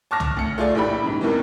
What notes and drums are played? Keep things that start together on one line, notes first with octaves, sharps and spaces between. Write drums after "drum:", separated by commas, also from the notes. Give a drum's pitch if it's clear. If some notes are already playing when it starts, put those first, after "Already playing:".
A5 C#6 D6 F6 A#6
drum: tom
D2 C#7
A3 F4 G#4 D5
A#1 E3 G4 B5
G#2 C#3
D#2 C3 D#3 E3